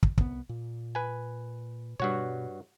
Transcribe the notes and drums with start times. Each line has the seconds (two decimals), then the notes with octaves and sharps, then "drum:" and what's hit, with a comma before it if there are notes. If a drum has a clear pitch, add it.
0.03 drum: kick
0.18 C2 B3, drum: kick
0.49 A#2
0.95 B4 G#5
2.00 G2 B2 G3 F#4 C#5